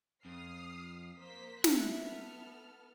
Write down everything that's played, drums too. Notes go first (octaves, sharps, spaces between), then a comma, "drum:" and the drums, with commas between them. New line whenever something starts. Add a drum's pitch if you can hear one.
F2 D#6 F6 C7
A#3 C5 B6
E5 F#6, drum: snare
B3 A4 F6